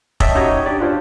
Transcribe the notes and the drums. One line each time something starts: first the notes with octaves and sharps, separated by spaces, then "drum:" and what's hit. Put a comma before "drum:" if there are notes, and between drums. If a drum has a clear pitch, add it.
C#5 D#5 E5 G5 A5, drum: kick
C#4 D#4 F#4 G4 C#5 D#5
D4 G4 D5
D4 F4 C5 C#5